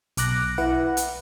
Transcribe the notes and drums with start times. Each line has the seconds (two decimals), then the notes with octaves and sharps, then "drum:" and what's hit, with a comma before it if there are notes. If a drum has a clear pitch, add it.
0.17 B1 D6 F#6 A#6, drum: hi-hat
0.58 E4 B4 F#5
0.97 drum: hi-hat